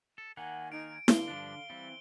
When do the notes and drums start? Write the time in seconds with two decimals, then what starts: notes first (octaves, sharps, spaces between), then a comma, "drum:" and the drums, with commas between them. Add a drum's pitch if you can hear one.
0.18 A4
0.37 D#3 A#3 F#5 G#5
0.72 D#4 F5 G#5 D7
1.08 D3 D5 F5 G7, drum: snare E4
1.28 G2 F3 D4
1.70 E3 G3 C4